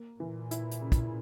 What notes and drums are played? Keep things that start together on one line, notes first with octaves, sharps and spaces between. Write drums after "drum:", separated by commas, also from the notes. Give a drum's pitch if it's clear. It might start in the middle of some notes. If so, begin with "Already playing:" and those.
Already playing: A#3
A#2 E3
E4, drum: hi-hat
drum: hi-hat
C#3
drum: kick, hi-hat